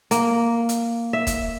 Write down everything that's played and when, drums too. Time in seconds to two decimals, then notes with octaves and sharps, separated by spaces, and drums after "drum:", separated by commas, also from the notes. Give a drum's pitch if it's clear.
0.11 A#3, drum: hi-hat
0.69 drum: hi-hat
1.13 E5
1.27 drum: kick, hi-hat